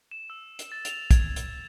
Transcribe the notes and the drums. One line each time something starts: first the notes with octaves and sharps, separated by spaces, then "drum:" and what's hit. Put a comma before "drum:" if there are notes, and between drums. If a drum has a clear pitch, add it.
E7
E6
drum: hi-hat
A6
F7, drum: hi-hat
G#6, drum: kick, hi-hat
drum: hi-hat